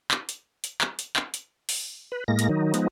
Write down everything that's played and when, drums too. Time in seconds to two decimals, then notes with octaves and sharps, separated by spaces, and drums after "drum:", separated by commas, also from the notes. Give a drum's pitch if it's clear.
0.11 drum: clap
0.29 drum: hi-hat
0.64 drum: hi-hat
0.81 drum: clap
0.99 drum: hi-hat
1.16 drum: clap
1.34 drum: hi-hat
1.69 drum: open hi-hat
2.12 B4
2.28 A2 G#3 A#3 A#6
2.39 drum: hi-hat
2.49 D#3 F#3 D#4
2.74 F3 G#3 B3 D#4, drum: hi-hat